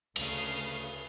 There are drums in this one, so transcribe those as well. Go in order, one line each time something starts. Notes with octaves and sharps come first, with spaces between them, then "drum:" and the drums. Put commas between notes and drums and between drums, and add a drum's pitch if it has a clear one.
D2 C#3 A3 F5 D#6, drum: cymbal